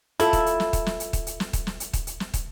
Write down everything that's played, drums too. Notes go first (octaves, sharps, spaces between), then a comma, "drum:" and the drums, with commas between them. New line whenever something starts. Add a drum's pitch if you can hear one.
E4 F4 A4, drum: hi-hat
drum: kick, hi-hat
drum: hi-hat
drum: snare
drum: kick, hi-hat
drum: snare
drum: hi-hat
drum: kick, hi-hat
drum: hi-hat
drum: snare
drum: kick, hi-hat
drum: snare
drum: hi-hat
drum: kick, hi-hat
drum: hi-hat
drum: snare
drum: kick, hi-hat